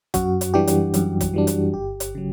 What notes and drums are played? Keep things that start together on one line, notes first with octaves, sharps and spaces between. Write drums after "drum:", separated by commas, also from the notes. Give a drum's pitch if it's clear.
F#2 F#4, drum: kick, hi-hat
drum: hi-hat
E3 G3 D4 G4
drum: hi-hat
F#2, drum: hi-hat
drum: kick, hi-hat
E3 G3 D4
drum: hi-hat
G1 G4
drum: hi-hat
C#3 F#3